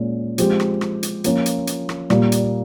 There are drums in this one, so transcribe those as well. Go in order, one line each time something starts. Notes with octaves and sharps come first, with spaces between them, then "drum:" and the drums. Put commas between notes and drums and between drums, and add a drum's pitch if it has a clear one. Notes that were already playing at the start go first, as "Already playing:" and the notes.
Already playing: A#2 G#3 C#4
F3 G#3 C4 G4, drum: hi-hat
drum: rim click
drum: rim click
drum: hi-hat
F3 A#3 C#4 F4, drum: hi-hat
drum: hi-hat
drum: hi-hat
drum: rim click
A#2 G3 A#3, drum: rim click
drum: hi-hat